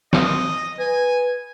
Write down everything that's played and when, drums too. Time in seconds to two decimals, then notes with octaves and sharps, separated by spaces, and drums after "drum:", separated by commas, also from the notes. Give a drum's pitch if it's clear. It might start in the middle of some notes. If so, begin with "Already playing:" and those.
0.13 D#5, drum: snare
0.79 B4 G#5